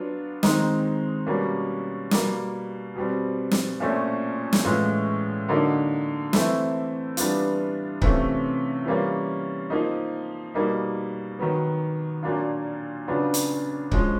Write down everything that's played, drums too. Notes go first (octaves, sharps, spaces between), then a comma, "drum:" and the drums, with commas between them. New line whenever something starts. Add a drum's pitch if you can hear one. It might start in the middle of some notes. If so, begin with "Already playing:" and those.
Already playing: F#3 B3 D4 F4
D#3 G#3 C4 D#4, drum: snare
B2 G3 A#3 C#4
B2 G3 A#3, drum: snare
B2 G3 C4
drum: snare
A#2 F3 A3 C#4 F4
drum: snare
A2 E3 G#3 C#4 F4
D3 F#3 A#3 D#4
E3 A3 C4 E4, drum: snare
E3 G3 B3 D4 F4, drum: hi-hat
C3 E3 A3 C#4 F4, drum: kick C#1
E3 G3 A#3 C#4 F4
F3 A#3 D#4
B2 G3 A#3 D#4
D#3 F#3 B3
A#2 F#3 A#3 D4 F4
C#3 F#3 B3 D4 F4
drum: hi-hat
F3 G#3 C#4, drum: kick C#1